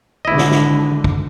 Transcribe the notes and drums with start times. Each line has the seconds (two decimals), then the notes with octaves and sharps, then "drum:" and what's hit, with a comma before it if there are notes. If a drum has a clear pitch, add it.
0.25 G#1 D3 E4 D#5
0.38 drum: snare
0.51 drum: snare
1.04 drum: kick